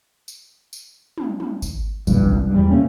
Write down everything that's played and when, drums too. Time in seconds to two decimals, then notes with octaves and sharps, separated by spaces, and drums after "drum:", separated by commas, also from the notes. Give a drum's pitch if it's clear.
0.28 drum: tambourine
0.73 drum: tambourine
1.18 drum: tom
1.40 drum: tom
1.62 drum: kick G1, tambourine
2.07 A#1 E2 G2, drum: kick G1, tambourine
2.26 C2
2.43 G2
2.54 E2 G#2 G3
2.70 C3 A3 A#3 C#4